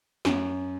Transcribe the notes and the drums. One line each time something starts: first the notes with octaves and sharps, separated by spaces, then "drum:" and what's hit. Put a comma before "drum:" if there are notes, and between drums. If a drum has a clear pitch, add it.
F#2, drum: snare